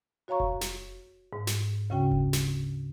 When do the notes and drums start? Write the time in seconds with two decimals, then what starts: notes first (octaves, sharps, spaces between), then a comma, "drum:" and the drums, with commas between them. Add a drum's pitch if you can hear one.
0.28 F#4 C#5 F5 A#5 C#6
0.40 drum: kick F1
0.61 drum: snare
1.33 G#2
1.47 drum: snare
1.90 D2 C#3 C#4 F#4 G5
2.12 drum: kick F1
2.33 drum: snare